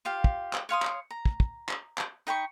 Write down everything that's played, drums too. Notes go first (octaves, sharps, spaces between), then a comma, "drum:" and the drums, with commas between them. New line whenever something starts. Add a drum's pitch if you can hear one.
F4 G4 F5
drum: kick
drum: clap
C#5 F5 C6 D#6
drum: clap
A#5
drum: kick
drum: kick
drum: clap
drum: clap
D#4 G5 B5 C#6